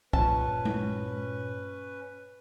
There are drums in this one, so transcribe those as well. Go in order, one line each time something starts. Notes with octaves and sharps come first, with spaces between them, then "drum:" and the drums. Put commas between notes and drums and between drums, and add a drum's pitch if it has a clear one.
G2 A#2 C#4 B4 C#5 A5, drum: kick
drum: tom G#3